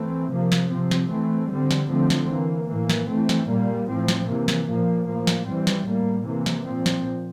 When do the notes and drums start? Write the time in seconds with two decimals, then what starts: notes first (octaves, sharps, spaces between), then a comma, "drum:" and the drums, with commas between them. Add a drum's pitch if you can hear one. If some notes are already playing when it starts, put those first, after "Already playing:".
Already playing: E3 A3 C4
0.32 C3 F3 A#3
0.52 drum: snare
0.71 C3 F3 C4
0.91 drum: snare
1.11 E3 A3 C4
1.50 D3 G3 C4
1.71 drum: snare
1.90 D3 F3 A3 C4
2.10 drum: snare
2.30 E3 A#3
2.69 A2 E3 A#3
2.90 drum: snare
3.09 E3 A3 C4
3.29 drum: snare
3.49 A#2 G3 A#3
3.89 A2 F3 C4
4.08 drum: snare
4.28 C3 E3 A#3
4.48 drum: snare
4.68 A#2 F3 A#3
5.08 A2 F3 A#3
5.27 drum: snare
5.47 E3 G3 C4
5.67 drum: snare
5.87 A2 G3 A#3
6.26 C3 E3 A#3
6.46 drum: snare
6.66 A#2 F3 C4
6.86 drum: snare